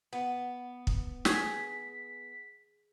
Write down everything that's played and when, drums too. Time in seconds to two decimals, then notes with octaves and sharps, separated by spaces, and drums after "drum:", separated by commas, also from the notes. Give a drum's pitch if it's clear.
0.13 B3
0.87 drum: kick
1.25 G#4 B6, drum: snare